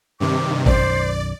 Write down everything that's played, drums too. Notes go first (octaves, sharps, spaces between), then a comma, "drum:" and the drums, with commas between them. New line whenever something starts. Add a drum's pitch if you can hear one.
G2 C3 D#3 D6
B1 F#2 D#3 C5 D5, drum: kick G#1